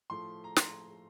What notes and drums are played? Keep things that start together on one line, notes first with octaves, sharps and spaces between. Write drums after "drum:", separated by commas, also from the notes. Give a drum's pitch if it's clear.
A2 F3 A3 C6
A#5
C6, drum: snare